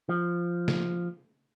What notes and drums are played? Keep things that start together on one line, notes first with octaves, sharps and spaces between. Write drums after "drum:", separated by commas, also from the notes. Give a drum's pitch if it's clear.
F3
drum: snare